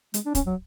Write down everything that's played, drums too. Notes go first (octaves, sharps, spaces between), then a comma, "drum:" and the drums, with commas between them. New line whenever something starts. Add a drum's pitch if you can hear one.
G#3, drum: hi-hat
D4
C#4, drum: kick, hi-hat
F#3